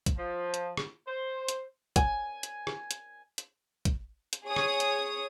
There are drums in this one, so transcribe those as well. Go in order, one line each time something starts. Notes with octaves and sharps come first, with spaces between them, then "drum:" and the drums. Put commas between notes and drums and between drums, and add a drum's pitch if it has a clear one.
drum: kick, hi-hat
F3
drum: hi-hat
drum: rim click
C5
drum: hi-hat
G#5, drum: kick, hi-hat
drum: hi-hat
drum: rim click
drum: hi-hat
drum: hi-hat
drum: kick, hi-hat
drum: hi-hat
G#4 C#5 D#6
drum: rim click
drum: hi-hat